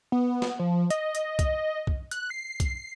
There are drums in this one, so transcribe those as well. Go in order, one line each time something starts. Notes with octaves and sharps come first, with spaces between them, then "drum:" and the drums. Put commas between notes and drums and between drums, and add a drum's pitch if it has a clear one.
B3
drum: snare
F3
D#5, drum: hi-hat
drum: hi-hat
drum: kick, hi-hat
drum: kick
F#6, drum: hi-hat
C7
drum: kick, hi-hat